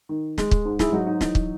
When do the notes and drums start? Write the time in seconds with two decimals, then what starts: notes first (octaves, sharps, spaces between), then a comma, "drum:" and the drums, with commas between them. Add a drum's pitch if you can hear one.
0.09 D#3
0.38 G#3, drum: snare
0.51 drum: kick
0.65 G#2
0.79 E4 G#4, drum: snare
0.93 F#3 D#4 F#4
1.07 D#4
1.21 E3 D#4, drum: snare
1.35 drum: kick